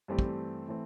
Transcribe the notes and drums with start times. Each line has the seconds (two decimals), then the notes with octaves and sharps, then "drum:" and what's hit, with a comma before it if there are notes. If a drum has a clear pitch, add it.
0.08 G2 E3 A3 C4 G4
0.19 drum: kick
0.68 E3 A3 C4